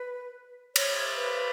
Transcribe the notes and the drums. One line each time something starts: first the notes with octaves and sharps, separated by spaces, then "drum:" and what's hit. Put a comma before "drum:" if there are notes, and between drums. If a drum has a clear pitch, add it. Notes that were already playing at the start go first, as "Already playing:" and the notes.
Already playing: B4
C#5, drum: cymbal
B4